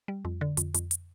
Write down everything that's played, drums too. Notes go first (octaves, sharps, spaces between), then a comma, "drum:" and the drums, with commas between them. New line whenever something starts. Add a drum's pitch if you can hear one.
G3
F2
D3
F2, drum: hi-hat
F2, drum: hi-hat
drum: hi-hat